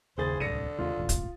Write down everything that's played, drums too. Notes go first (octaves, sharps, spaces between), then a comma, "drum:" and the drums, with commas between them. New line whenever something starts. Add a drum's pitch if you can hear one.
F#1 D#2 G#4 C5 A6
D1 C2 D3 A#6 C#7 D#7
D#2 C3 G#3 F4
E1 A1
drum: kick, hi-hat